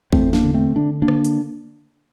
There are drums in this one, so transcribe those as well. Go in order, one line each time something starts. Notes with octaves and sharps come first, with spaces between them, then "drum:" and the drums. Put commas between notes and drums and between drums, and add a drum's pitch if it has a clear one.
E2 A3 C4, drum: kick
A#3 D4, drum: snare
D3
A3 C4
D3 D4
A#3 D4
D3, drum: rim click
drum: hi-hat